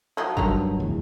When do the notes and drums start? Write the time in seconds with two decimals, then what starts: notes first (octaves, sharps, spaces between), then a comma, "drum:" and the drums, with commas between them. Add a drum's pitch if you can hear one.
0.17 F3 F#3 D#4
0.37 G2 D#3 F#3 A3 A#5, drum: kick
0.80 D1 E2